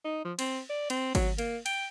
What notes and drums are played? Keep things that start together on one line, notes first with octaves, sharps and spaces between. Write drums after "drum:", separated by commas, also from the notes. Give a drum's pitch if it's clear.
D#4
F3
C4, drum: cymbal
D5
C4, drum: cymbal
F#3, drum: kick G#1, cymbal
A#3, drum: cymbal
G5, drum: cymbal